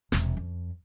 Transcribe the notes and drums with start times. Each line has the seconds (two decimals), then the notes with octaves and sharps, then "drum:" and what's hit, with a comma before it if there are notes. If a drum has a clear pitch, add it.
0.12 E1 C3, drum: snare
0.37 F2